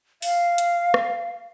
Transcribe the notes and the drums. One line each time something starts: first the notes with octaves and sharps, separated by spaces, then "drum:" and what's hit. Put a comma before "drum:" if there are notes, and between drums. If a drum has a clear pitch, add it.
F5, drum: open hi-hat
drum: hi-hat
drum: rim click